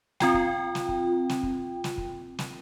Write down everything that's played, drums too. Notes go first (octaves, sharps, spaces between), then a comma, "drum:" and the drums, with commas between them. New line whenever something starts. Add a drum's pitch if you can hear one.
C4 F4 G5, drum: snare
drum: kick
drum: snare
drum: kick
drum: snare
drum: kick
drum: snare
drum: kick
drum: snare